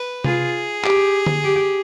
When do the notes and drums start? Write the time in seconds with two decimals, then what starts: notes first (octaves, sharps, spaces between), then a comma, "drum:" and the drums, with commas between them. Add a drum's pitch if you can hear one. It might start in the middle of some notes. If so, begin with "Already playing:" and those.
Already playing: B4
0.24 F4 G#4, drum: tom C3
0.84 G4, drum: clap
1.26 drum: tom D3
1.44 G4